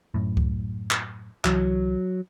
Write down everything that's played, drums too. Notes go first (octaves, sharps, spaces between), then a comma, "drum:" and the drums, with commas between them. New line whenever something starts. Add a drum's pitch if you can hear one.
F#2 A2
drum: kick C#2
drum: clap
C2 E3 F#3, drum: clap